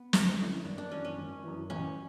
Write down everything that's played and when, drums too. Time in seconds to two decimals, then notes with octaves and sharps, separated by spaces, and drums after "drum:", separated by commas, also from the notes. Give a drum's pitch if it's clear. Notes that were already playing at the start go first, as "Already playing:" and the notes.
Already playing: B3
0.13 D2, drum: snare
0.39 D3 A3 C#4 E4
0.64 G#1 D4
0.78 D4
0.91 F#2 E3 C#4
1.05 C#4
1.17 G#1
1.44 F#2 E3
1.70 A1 C#4